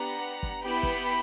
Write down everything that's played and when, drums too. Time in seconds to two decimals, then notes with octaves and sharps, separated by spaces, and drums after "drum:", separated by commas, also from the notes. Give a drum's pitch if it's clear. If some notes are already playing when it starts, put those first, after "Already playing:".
Already playing: B3 D4 G4 F#5 A#5
0.43 drum: kick
0.63 B3 E4 G4 G5 B5
0.83 drum: kick